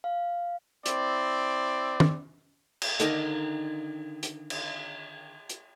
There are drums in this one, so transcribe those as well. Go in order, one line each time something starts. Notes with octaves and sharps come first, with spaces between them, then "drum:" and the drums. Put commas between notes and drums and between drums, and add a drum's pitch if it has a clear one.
F5
C4 E4 D5, drum: hi-hat
drum: tom
drum: cymbal
D3 D#3 D4 D#4, drum: hi-hat
drum: hi-hat
drum: cymbal
drum: hi-hat